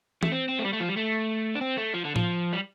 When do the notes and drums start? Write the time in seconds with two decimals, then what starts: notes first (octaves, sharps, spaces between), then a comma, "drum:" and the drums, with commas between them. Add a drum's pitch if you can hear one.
0.23 A3, drum: tom E3
0.32 C4
0.48 C4
0.59 A3
0.64 G3
0.73 A3
0.80 F3
0.89 G3
0.96 A3
1.55 D4
1.61 C4
1.77 A3
1.94 F3
2.05 D3
2.16 F3, drum: tom A2
2.53 G3